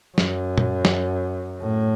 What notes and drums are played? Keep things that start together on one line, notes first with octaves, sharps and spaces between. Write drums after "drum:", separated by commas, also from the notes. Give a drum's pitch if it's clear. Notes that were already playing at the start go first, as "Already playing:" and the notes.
F#2, drum: snare
drum: tom A#2
drum: snare
A2